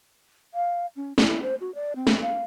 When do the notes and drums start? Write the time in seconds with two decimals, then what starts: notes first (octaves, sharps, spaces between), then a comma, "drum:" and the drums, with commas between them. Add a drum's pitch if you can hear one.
0.54 F5
0.96 C#4
1.18 E4, drum: snare
1.42 C5
1.61 F#4
1.75 D5
1.96 C4
2.07 drum: snare
2.22 F5